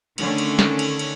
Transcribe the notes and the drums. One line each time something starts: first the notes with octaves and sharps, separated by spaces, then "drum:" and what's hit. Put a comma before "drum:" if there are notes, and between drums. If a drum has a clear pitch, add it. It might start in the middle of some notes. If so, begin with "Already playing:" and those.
D3 D#3 A3 C#4, drum: cymbal
drum: cymbal
drum: snare
drum: cymbal
drum: cymbal